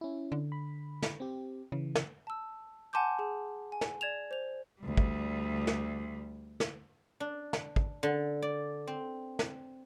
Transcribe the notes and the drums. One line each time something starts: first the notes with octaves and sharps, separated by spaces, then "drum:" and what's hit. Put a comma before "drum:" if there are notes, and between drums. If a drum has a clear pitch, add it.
C#4 E4
D3
B5
drum: snare
C4 G4
C#3 E3
drum: snare
A5 E6
F#5 G#5 A5 C6 D6 G6
G#4 A5
G#5
drum: snare
D5 G#6 E7 F7
C5 F7
D2 G3
drum: kick
drum: snare
drum: snare
D4
drum: snare
drum: kick
D3
D5
C4
drum: snare